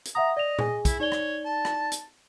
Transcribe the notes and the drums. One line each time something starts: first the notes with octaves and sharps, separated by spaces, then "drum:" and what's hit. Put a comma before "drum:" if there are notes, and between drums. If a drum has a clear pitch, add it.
drum: hi-hat
E5 F#5 A#5 D#6
D5 D#5 F7
G#4 G#5, drum: tom A#2
E4, drum: kick, hi-hat
D#4 C#5 D5 G7
drum: rim click
A5
drum: rim click
drum: hi-hat